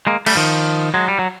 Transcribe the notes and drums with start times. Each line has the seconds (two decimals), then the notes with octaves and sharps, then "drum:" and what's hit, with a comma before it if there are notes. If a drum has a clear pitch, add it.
0.07 G#3 A#3
0.26 G3 A3, drum: cymbal
0.36 D#3 F3
0.94 F#3 G#3
1.08 G3
1.19 F#3